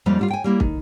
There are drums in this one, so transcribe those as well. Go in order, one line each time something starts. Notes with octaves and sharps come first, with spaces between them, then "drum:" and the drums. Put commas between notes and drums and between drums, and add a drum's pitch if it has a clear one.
F2 F3 G3 G#3 A#3 D#4
G3 E4 F4
G5 G#5
G3 A#3 E4
D#3, drum: kick